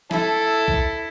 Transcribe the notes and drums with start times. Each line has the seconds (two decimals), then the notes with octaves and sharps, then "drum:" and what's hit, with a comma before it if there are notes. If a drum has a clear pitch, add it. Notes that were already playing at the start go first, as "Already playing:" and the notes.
0.11 E4 A4, drum: snare
0.68 drum: kick B1